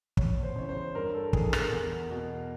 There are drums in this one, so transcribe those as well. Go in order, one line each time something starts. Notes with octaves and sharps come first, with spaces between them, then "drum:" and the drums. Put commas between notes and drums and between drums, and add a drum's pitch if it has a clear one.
E2 C#5, drum: kick
C5
C#3 E3 C#5
C5
G2 A#4
A4
E3 G#4, drum: kick
A#4, drum: rim click
E2
B2